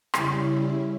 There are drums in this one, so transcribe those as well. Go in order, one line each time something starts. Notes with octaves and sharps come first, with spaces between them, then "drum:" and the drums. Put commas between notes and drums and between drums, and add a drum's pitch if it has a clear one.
C#3 G3 C#4 E4, drum: rim click